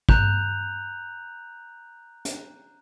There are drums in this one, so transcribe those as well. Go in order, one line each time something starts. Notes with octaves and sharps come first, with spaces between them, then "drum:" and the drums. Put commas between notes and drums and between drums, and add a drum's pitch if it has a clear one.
A#5 F#6 G6 F7, drum: kick
drum: hi-hat